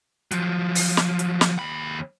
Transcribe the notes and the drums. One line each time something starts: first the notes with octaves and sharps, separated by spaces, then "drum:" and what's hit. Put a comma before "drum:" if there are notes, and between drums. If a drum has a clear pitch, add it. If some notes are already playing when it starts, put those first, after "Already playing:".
F3 F#3, drum: hi-hat
drum: open hi-hat
drum: snare
drum: hi-hat
drum: snare
D#2 B5